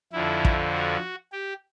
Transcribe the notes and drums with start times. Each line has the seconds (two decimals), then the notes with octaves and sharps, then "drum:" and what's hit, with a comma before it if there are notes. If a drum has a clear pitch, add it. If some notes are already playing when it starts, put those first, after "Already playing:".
0.13 F2 D3 F3 E4
0.45 drum: kick
0.73 F#4
1.33 G4